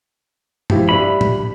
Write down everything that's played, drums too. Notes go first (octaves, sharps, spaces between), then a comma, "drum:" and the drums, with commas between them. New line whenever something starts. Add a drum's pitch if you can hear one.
F3 E4 G4, drum: tom G2
G3 D4 E5 B5
drum: tom A2